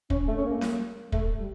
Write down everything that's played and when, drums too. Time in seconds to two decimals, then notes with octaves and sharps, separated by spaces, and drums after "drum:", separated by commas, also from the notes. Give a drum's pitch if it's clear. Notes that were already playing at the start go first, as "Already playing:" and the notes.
0.10 C#4, drum: kick
0.27 A3
0.36 C#4
0.44 A#3
0.61 drum: snare C#4
1.12 A3, drum: kick
1.39 G3